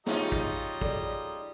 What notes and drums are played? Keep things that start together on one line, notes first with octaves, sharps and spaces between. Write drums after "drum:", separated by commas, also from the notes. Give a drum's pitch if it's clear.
G3 C#4 D#4 F4 G#4 D#5 F5 A#5, drum: snare
drum: kick
G#4 A4 D5, drum: kick